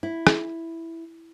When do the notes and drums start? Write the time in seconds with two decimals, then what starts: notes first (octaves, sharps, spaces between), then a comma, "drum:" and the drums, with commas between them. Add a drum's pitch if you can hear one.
0.03 E4
0.27 drum: rim click